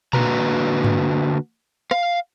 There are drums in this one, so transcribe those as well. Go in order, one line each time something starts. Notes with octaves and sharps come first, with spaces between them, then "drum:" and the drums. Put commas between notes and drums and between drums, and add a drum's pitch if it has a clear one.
D3 A#3 F#4 B4 A#5, drum: tom A#2
drum: tom G2
F5, drum: rim click